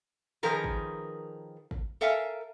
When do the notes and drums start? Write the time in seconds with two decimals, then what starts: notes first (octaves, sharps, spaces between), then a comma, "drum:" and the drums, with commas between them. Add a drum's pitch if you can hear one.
0.43 D#3 F3 G#4 A#4 B4
0.64 drum: kick
1.71 drum: kick
2.01 A4 A#4 E5 F5 G#5